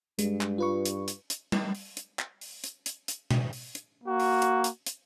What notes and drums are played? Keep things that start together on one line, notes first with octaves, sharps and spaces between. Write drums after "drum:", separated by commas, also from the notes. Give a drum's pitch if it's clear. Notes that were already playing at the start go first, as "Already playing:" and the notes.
G2 G#3, drum: hi-hat
drum: clap
F4 B4 C#6
drum: hi-hat
drum: hi-hat
drum: hi-hat
drum: tom G3
drum: open hi-hat
drum: hi-hat
drum: clap
drum: open hi-hat
drum: hi-hat
drum: hi-hat
drum: hi-hat
drum: tom B2
drum: open hi-hat
drum: hi-hat
A#3 F#4
drum: open hi-hat
drum: hi-hat
drum: hi-hat
drum: hi-hat